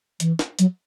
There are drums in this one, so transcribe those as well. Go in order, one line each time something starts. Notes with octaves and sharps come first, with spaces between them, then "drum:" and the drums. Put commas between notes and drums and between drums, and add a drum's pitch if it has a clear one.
E3, drum: hi-hat
drum: snare
F#3, drum: hi-hat